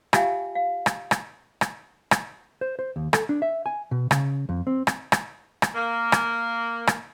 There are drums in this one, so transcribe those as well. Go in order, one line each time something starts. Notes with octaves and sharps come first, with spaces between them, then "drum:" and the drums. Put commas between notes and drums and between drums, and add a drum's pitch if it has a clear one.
F4 G4 E5 F5 G5 G#5, drum: rim click
F5
drum: rim click
drum: rim click
drum: rim click
drum: rim click
C5
C5
D#2
A4, drum: rim click
D4
E5
G#5
B2
C#3, drum: rim click
F2
C4
drum: rim click
drum: rim click
drum: rim click
A#3
drum: rim click
drum: rim click